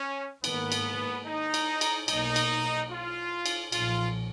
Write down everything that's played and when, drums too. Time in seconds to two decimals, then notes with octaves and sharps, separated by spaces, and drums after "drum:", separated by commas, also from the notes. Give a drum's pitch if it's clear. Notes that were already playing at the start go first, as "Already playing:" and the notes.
Already playing: C#4
0.44 G#2 D#3 A#3 B3, drum: cymbal
0.72 drum: cymbal
1.26 D#4
1.54 drum: cymbal
1.81 drum: cymbal
2.08 B1 B2 A#3 D#4, drum: cymbal
2.36 drum: cymbal
2.91 F4
3.46 drum: cymbal
3.72 B1 A#2 F3 F4, drum: cymbal